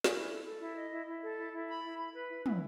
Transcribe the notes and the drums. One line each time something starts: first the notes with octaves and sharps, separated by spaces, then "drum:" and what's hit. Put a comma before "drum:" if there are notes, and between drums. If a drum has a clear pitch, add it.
drum: snare
E4
A4
A4
E4
D#5
E4
E4
A4
E4
E4
B5
E4
B5
B4
E4
E4, drum: tom